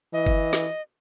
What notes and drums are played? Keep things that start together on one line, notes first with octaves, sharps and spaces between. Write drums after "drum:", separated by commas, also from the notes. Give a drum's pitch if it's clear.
E3 D#5
drum: kick F#1
drum: snare